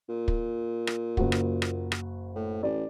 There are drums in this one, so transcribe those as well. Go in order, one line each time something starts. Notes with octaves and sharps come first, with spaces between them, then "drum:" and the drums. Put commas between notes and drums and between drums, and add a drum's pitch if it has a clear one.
A#2
drum: kick
drum: rim click
F#1 F#4, drum: kick
drum: rim click
drum: rim click
drum: rim click
A2
A1 D5